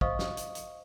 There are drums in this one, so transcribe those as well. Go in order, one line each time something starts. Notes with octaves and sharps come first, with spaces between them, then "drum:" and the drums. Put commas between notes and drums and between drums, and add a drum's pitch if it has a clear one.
C5 D#5 F5 C#6 D#6, drum: kick
drum: snare
drum: hi-hat
drum: hi-hat